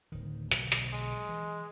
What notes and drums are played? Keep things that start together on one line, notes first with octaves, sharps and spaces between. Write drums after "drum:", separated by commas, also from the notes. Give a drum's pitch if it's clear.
D1 D#3
B1 D3, drum: hi-hat
drum: hi-hat
G#3
E3